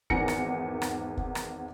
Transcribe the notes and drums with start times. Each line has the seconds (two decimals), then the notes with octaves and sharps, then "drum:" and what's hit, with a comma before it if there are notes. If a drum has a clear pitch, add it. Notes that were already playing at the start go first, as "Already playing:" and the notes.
0.10 G#1 E2 D#3 G#5 A#6 C#7, drum: kick
0.28 drum: rim click
0.82 drum: rim click
1.17 drum: kick
1.35 drum: rim click